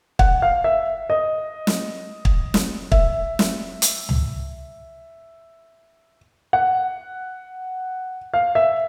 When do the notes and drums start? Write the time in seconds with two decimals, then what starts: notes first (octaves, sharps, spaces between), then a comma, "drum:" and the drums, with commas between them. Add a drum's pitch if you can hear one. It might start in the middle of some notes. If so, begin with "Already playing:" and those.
0.19 F#5, drum: kick
0.42 F5
0.64 E5
1.10 D#5
1.67 drum: snare
2.25 drum: kick
2.54 drum: snare
2.92 E5, drum: kick
3.39 drum: snare
3.82 drum: hi-hat
4.09 drum: tom C#2
6.53 F#5
8.34 F5
8.55 E5